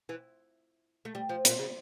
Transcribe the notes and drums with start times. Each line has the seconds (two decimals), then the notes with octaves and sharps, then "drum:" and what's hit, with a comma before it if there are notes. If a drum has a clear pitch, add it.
0.09 E3
1.05 A3
1.15 G3
1.29 F3
1.45 A#2, drum: hi-hat
1.59 C#3